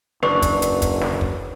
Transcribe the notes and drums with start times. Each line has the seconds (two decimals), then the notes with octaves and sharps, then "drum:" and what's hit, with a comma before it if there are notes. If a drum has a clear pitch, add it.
0.23 F#1 D4 B4 C#6, drum: snare
0.42 drum: kick, hi-hat
0.62 drum: hi-hat
0.82 drum: kick, hi-hat
1.01 drum: snare
1.21 drum: kick